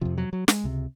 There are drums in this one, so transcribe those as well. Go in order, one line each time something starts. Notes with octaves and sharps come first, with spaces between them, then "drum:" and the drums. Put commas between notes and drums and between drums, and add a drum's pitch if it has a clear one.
F2 C3 F3
F#3
F#3
G#3, drum: snare
C#2 C3